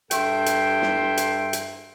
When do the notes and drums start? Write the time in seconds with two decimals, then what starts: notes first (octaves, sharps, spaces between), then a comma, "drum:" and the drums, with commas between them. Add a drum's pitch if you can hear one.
0.11 G2 A4 E5 G5 C6, drum: hi-hat
0.46 drum: hi-hat
0.82 drum: snare
1.17 drum: hi-hat
1.53 drum: hi-hat